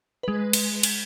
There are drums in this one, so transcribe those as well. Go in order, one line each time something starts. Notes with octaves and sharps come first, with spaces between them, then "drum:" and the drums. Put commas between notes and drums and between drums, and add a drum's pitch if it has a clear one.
G#3 B4
drum: cymbal
drum: cymbal